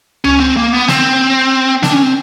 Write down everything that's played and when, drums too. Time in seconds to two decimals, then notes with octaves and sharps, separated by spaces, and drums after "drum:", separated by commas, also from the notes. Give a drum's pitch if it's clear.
0.25 C#4, drum: tom C#2
0.40 C4
0.57 A#3
0.72 B3
0.88 C4, drum: snare
1.83 D4, drum: snare
1.93 C#4
2.02 C4